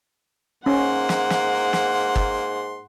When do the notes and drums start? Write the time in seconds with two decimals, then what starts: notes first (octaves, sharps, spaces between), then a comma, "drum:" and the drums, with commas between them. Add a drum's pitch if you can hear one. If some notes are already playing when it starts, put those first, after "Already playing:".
0.66 G#2 A#3 C#4 F#5 C6
1.09 drum: snare
1.30 drum: snare
1.73 drum: snare
2.16 drum: kick